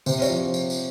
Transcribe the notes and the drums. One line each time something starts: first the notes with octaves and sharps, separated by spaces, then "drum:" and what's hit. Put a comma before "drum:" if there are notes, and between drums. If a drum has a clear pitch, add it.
C3 C5, drum: tambourine
C#5, drum: tambourine
F3
drum: tambourine
drum: tambourine